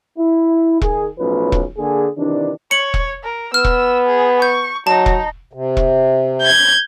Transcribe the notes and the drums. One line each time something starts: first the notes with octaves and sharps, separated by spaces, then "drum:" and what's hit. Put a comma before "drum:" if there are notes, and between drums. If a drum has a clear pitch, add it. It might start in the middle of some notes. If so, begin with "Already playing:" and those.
E4
D#3 G#4, drum: kick E1
B1 A2 F3 C#4 B4
drum: kick E1
D3 A#3 G#4
C3 D#3 E3 D4
C#5 C#7 F#7
drum: kick E1
A#4
B3 E6 F6
drum: kick E1
G#4
C#6 G6
F#3 D#4 A5
drum: kick E1
C3
drum: kick E1
G6 G#6